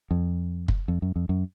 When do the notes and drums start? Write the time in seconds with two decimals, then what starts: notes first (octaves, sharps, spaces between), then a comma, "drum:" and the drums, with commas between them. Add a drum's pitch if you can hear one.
0.11 F2
0.68 drum: kick
0.88 F2
1.02 F#2
1.16 F2
1.29 F#2